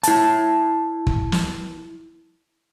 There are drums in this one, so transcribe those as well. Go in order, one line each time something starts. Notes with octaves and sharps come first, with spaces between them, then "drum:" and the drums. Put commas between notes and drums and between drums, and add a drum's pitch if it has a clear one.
E4 A5, drum: hi-hat
drum: kick
drum: snare